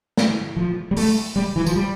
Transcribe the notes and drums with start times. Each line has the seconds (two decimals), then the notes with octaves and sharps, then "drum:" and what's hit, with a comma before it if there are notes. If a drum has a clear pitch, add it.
0.17 drum: snare
0.56 F3
0.91 G3
0.97 A3, drum: open hi-hat
1.36 G3
1.56 E3
1.66 F3, drum: tambourine
1.76 G3